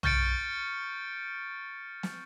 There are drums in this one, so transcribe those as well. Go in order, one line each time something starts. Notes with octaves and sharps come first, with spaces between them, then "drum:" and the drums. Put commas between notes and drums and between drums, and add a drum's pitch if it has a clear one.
C#6 F6 G6 A6 C#7 D7, drum: tom B1
drum: snare